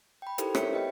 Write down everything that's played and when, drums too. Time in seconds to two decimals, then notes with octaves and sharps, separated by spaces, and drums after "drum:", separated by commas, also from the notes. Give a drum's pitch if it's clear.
0.22 G5 B5
0.38 D#4 E4 G4 A4 A#4 C5, drum: hi-hat
0.55 C#5 E5 B6 C#7, drum: rim click
0.72 G4 B4 D#5 G5